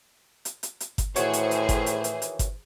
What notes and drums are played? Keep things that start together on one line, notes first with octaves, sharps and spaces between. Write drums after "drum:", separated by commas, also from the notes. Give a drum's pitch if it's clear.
drum: hi-hat
drum: hi-hat
drum: hi-hat
drum: kick G1, hi-hat
A2 D#3 E3 F#4 G#4 C5 C#5, drum: hi-hat
drum: hi-hat
drum: hi-hat
drum: kick G1, hi-hat
drum: hi-hat
drum: hi-hat
drum: hi-hat
drum: kick G1, hi-hat